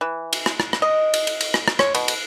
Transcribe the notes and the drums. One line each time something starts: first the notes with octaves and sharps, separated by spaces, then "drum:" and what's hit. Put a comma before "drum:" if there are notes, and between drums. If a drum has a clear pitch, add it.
E3
drum: cymbal
drum: rim click
drum: rim click
drum: rim click
D#5
drum: cymbal
drum: cymbal
drum: cymbal
drum: rim click
drum: rim click
C#5, drum: rim click
B2, drum: cymbal
drum: cymbal